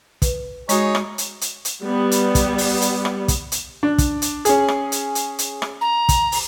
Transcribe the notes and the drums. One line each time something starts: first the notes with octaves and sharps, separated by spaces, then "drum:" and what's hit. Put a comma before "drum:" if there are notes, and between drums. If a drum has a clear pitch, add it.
B4, drum: kick, hi-hat
G#3 D#4 F#4 G#4 C#5, drum: hi-hat
drum: rim click
drum: hi-hat
drum: hi-hat
drum: hi-hat
G3 B3
drum: hi-hat
drum: kick, hi-hat
drum: open hi-hat
drum: hi-hat
drum: rim click
drum: kick, hi-hat
drum: hi-hat
D4
drum: kick, hi-hat
drum: hi-hat
C#4 G#4, drum: hi-hat
drum: rim click
drum: hi-hat
drum: hi-hat
drum: hi-hat
drum: rim click
A#5
drum: kick, hi-hat
drum: open hi-hat